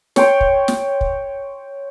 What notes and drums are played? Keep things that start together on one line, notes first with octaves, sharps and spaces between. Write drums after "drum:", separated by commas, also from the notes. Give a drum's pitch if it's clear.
C#5 G5 C6, drum: snare
drum: kick
drum: snare
drum: kick